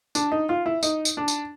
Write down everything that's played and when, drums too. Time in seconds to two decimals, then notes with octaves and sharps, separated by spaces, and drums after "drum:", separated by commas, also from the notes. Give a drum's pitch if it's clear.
0.15 D4, drum: tambourine
0.32 D#4
0.49 F4
0.66 E4
0.83 D#4, drum: tambourine
1.05 drum: tambourine
1.17 D4
1.28 drum: tambourine